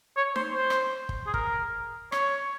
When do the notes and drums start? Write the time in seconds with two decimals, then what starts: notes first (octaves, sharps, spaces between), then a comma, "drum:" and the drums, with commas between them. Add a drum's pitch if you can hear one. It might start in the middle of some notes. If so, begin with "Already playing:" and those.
0.17 C#5
0.36 C5, drum: snare D#4
0.55 C5
0.70 drum: rim click
1.09 drum: kick
1.27 G#4
1.34 A#4, drum: kick
2.12 C#5, drum: rim click